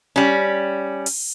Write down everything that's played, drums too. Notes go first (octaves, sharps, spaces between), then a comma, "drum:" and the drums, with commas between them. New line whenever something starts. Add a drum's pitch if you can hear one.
G3 C#4
drum: open hi-hat